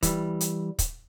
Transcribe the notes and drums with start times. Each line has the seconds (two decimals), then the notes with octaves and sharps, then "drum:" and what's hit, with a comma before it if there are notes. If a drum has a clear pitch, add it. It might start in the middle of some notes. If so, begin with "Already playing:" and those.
0.03 E3 G3, drum: kick, hi-hat
0.41 drum: hi-hat
0.79 drum: kick, hi-hat